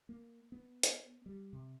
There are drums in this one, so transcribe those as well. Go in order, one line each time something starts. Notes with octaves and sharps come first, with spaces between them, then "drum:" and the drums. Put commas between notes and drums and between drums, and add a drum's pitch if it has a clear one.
A#3
B3
drum: hi-hat
G3
C3